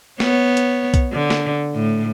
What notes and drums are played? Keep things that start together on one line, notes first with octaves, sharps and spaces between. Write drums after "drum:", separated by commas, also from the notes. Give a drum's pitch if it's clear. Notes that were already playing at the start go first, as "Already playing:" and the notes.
B3 C#5, drum: snare
drum: hi-hat
drum: kick B1, hi-hat
D3
drum: snare
A2